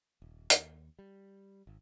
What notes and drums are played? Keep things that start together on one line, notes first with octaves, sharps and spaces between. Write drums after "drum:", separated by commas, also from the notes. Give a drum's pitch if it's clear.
D#1
D#2, drum: hi-hat
G3
G#1